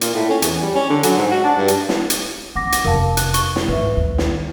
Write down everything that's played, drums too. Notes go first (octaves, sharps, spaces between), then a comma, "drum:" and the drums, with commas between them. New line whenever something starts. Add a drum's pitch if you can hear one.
A#2, drum: hi-hat
A2
C#4
E2, drum: hi-hat
G3
C#4
D3
F#3, drum: hi-hat
G#2
F#4
D4
G2
drum: hi-hat
drum: snare
drum: hi-hat
C#4 F#5 D6 A#6
drum: hi-hat
F1 A#4 F5 A5
F#6, drum: hi-hat
C#6 G7, drum: hi-hat
drum: snare
G#2 B4 E5
D#2
drum: snare